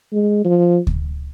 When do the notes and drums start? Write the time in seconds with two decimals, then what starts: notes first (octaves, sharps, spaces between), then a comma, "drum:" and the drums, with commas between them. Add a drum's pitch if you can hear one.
0.12 G#3
0.44 F3
0.87 drum: kick D2